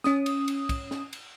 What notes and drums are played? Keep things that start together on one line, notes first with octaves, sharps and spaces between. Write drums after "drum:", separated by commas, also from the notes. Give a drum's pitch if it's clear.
C#4 D#6, drum: snare
drum: cymbal
drum: cymbal
drum: kick, cymbal
drum: snare
drum: cymbal